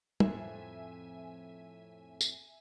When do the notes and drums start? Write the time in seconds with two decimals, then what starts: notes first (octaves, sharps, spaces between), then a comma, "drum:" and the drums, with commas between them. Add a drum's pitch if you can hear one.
0.20 F2 A2 E5 G#5, drum: tom
2.21 drum: tambourine